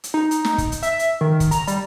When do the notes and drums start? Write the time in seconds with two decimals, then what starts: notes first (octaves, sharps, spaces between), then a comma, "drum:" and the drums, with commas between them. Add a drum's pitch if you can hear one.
0.04 drum: hi-hat
0.14 D#4
0.31 drum: hi-hat
0.45 drum: snare
0.58 drum: kick, hi-hat
0.72 drum: hi-hat
0.83 E5, drum: hi-hat
0.99 drum: hi-hat
1.21 D#3
1.40 drum: kick, hi-hat
1.51 A#5, drum: hi-hat
1.67 G3, drum: hi-hat